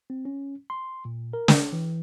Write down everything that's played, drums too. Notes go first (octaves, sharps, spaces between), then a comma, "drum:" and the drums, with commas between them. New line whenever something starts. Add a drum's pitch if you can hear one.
C4
C#4
C6
A#2
A#4
drum: snare
E3